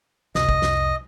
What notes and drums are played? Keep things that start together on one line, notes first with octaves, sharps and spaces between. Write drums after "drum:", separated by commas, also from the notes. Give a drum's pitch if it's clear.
C2 F2 D#5, drum: snare
drum: kick
drum: snare